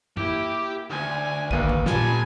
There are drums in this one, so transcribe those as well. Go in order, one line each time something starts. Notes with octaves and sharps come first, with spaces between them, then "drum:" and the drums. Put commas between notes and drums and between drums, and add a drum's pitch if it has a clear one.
A#3 E4 G4, drum: tom
D2 G#5
D#2 A#2 B4 D#7, drum: kick
drum: kick
A#2 G3 F4 A4 B4 G#5, drum: snare